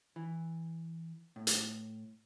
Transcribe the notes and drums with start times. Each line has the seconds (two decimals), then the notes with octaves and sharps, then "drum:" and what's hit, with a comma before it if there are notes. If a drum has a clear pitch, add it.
0.16 E3
1.36 A2
1.47 drum: hi-hat